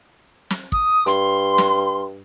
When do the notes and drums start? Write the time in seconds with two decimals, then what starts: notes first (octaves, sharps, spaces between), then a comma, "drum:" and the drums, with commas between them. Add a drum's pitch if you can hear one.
0.50 drum: snare
0.72 D#6, drum: kick
1.06 G2 C6, drum: hi-hat
1.58 drum: snare